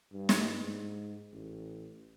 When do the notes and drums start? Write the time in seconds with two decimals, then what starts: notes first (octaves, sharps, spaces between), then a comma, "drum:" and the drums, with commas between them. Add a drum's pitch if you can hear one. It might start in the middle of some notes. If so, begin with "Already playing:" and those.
0.12 G2
0.29 drum: snare
0.62 G#2
1.33 A1